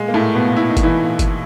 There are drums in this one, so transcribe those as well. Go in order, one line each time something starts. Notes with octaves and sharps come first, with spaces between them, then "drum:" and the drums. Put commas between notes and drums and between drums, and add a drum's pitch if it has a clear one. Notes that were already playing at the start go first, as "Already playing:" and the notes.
Already playing: A#2 G#3
A#3
A2 A3
A#2
B2 B3
A#2
E4
D#4
A#2, drum: kick G1, hi-hat
E3 E4
A#2
drum: kick G1, hi-hat